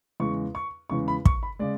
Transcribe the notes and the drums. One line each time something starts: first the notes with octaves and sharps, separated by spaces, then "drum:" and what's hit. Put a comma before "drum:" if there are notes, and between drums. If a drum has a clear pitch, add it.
E2 C#3 G#3 C#6
C#6
E2 C#3 G#3 C#6
B5
C#6, drum: kick
B5
C#3 G#3 D5